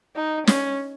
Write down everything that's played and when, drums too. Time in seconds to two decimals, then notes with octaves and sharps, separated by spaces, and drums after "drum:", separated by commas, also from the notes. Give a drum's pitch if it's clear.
0.16 D#4
0.47 C#4, drum: snare